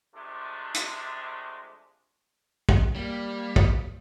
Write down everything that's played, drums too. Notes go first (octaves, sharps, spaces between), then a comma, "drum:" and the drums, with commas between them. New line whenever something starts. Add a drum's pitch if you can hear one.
C3 F3 G#3 A3 D4
drum: hi-hat
drum: kick
G3 A#3
drum: kick